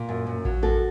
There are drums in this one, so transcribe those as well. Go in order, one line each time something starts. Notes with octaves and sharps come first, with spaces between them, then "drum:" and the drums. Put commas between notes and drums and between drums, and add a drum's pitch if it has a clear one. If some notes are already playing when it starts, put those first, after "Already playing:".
Already playing: A#2
F#2
F#2
F#3, drum: kick A1
F#2 F#4 A4